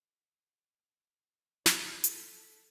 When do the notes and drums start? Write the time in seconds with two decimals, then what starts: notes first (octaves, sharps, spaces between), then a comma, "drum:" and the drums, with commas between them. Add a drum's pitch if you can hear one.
1.66 D5, drum: snare
2.04 A4 B6, drum: hi-hat